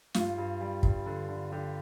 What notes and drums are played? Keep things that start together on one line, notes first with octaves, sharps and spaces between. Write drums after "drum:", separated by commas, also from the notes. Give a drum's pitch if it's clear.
G2 F4, drum: snare
G2
G3
G2, drum: kick
D3
D3
D3 G4